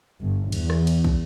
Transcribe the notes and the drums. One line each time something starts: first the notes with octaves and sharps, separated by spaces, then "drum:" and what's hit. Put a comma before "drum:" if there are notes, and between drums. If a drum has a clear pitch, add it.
G1
E2, drum: cymbal
drum: rim click
drum: cymbal
drum: kick